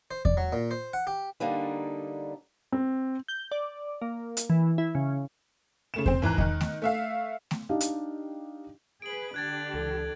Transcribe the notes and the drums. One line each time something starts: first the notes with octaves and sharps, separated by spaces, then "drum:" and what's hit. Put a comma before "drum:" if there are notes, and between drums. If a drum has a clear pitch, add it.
C5
D5, drum: kick E2
F#3
A#2
C5
F#5
G4
D3 G3 A#3 D4 D#4
C4
G6
D5
A#3
drum: hi-hat
E3
E4
C#3
C#3 A3 E7
C4 C5, drum: kick E2
G#1 E3 A#5 F#6
D#3 D#4, drum: kick E2
drum: snare A3
A3 E5 F5
drum: snare A3
D4 D#4 G4 D#5 F5
drum: hi-hat
G#4 B4 D7 F#7
D3 D4 G4 F#6 G#6 A6
C#2 E3 A4